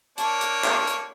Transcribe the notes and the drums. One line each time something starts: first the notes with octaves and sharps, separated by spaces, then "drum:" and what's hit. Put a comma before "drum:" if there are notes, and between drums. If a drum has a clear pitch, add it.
A#3 D4 C#5, drum: hi-hat
drum: hi-hat
drum: clap
drum: hi-hat